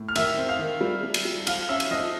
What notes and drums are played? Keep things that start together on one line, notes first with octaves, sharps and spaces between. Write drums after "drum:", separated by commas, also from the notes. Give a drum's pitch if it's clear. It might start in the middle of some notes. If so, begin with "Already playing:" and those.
Already playing: A2
F6
D#3 E5 E6, drum: cymbal
C4
F5 F6
D#3
G3
G3
drum: cymbal
G3
F3 F5 F6, drum: cymbal
C#4 E5 E6
drum: cymbal
F3 D#5 D#6